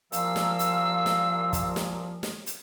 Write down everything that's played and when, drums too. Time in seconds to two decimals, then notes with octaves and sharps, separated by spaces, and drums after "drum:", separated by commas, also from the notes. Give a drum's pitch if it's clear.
0.12 C2 A#2 F3 A#4 F5 E6, drum: hi-hat
0.36 drum: snare
0.59 drum: hi-hat
1.06 drum: snare
1.53 drum: kick, hi-hat
1.76 drum: snare
2.23 drum: snare
2.46 drum: hi-hat